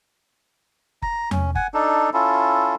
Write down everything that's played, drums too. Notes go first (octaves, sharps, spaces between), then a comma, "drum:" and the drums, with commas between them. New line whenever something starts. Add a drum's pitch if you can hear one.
A#5, drum: kick F#1
C#4, drum: tom E2
F#5 G#5, drum: kick F#1
D4 D#4 A4
C#4 E4 F4 A4